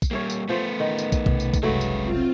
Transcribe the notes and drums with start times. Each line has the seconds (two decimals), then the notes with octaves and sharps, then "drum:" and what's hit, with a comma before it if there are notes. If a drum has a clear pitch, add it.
0.02 drum: kick, tambourine
0.11 G3 A#3 C#5 E5 F5
0.30 drum: tambourine
0.49 F3 A3 B3 C5
0.80 D#3
0.99 drum: tambourine
1.12 drum: kick, tambourine
1.26 B1 C3, drum: kick
1.40 drum: tambourine
1.54 drum: kick, tambourine
1.63 F#1 C2 F#3 G#3 A3 B4
1.81 drum: tambourine
2.01 C4 F4